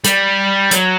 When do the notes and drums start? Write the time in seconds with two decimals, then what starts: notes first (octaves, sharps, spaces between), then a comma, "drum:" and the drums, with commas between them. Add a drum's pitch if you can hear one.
0.05 G3, drum: hi-hat
0.71 F#3, drum: hi-hat